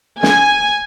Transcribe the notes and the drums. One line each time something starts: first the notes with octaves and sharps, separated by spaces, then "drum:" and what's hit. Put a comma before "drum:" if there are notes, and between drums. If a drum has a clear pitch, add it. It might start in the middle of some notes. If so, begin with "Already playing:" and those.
G#5, drum: snare